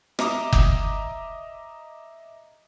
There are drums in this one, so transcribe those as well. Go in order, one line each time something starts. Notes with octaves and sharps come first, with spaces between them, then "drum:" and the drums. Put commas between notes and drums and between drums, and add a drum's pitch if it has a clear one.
D#5 E5 A#5 D6 D#6, drum: rim click
drum: kick F#1